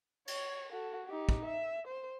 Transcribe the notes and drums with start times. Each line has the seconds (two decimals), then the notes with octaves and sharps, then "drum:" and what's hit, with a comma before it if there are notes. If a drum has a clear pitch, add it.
0.27 C#5, drum: cymbal
0.72 F#4 A4
1.07 D#4 G4
1.29 drum: kick
1.46 E5
1.88 C5